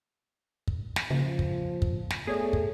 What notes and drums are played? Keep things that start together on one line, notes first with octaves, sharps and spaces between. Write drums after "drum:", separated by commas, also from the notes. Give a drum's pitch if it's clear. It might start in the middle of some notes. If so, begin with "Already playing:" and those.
drum: kick
drum: snare
C#3 F3 A#3 F4
drum: kick
drum: kick
drum: snare
A3 B3 G#4 C#5 D5
drum: kick